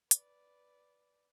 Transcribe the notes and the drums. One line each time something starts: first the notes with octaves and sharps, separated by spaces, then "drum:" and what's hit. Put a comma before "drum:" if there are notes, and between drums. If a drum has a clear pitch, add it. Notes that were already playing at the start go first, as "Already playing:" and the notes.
B4 D5, drum: hi-hat